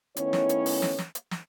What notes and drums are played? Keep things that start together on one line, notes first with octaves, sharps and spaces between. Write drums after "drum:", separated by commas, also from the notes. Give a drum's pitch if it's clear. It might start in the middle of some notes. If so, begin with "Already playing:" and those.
D#3 A3 B3 C#4 E4 C#5, drum: hi-hat
drum: snare
drum: hi-hat
drum: open hi-hat
drum: snare
drum: snare
drum: hi-hat
drum: snare